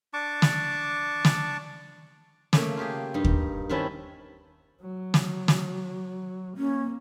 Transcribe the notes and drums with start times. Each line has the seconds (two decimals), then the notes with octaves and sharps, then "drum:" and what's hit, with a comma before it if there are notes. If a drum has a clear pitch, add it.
0.13 D4 A5 C#6 D6
0.42 drum: snare
1.25 drum: snare
2.53 C#3 A3 A#3, drum: snare
2.77 F4 G4 G#4
3.14 G2 D#4
3.25 drum: kick D#2
3.70 D#3 C4 C#4 E4 B4 A5
4.81 F#3
5.14 drum: snare
5.48 drum: snare
6.57 A#3 C#4